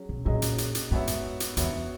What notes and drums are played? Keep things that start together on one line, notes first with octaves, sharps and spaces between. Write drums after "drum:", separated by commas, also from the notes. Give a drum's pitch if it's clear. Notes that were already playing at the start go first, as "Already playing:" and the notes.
Already playing: F#3 C#4 G#4
B2
A#2 F#3 C#4 G#4 D#5
drum: hi-hat
drum: hi-hat
drum: hi-hat
G#2 B3 F#4 C#5 E5
drum: hi-hat
drum: hi-hat
E2 B3 F#4 C#5 E5, drum: hi-hat